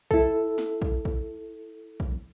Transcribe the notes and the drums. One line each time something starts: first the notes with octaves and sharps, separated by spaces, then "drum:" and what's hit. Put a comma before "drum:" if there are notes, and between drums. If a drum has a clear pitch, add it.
E4 A4, drum: kick
drum: snare
drum: kick
drum: kick
drum: kick